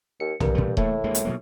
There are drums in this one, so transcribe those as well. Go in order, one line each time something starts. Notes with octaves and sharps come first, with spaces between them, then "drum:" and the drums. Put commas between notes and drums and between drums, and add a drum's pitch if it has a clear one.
D#2 C#7
A#1 G2 C3 E3 A#4, drum: tom B1
A#2 G3 A3
A2 A3 A#3, drum: kick D#1
D2 G#3 A#3
drum: hi-hat
B2 F#3 A#3